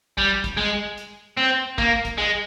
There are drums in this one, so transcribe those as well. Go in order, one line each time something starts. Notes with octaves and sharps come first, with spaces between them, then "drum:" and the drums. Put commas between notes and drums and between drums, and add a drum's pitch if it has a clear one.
G3, drum: kick
drum: kick, hi-hat
G#3
drum: hi-hat
C4
A#3, drum: kick
drum: kick, hi-hat
G#3